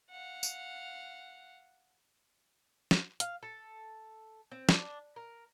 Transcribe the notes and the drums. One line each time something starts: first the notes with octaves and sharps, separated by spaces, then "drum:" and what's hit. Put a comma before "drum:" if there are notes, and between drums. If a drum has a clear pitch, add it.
F5 F#5
drum: tambourine
drum: snare
F5, drum: hi-hat
A4
C4
D4, drum: snare
A#4